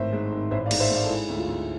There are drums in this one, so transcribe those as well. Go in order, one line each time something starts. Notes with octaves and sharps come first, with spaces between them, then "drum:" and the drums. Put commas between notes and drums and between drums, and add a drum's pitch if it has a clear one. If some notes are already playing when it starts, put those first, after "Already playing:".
Already playing: G#1 A2 C5 E5
G#2
G#1
A1 C5 E5
D5 F5
G#2, drum: cymbal
C5 E5
G#2 D5 F5
A4
G#3 E4 G#4
D2
F4
D2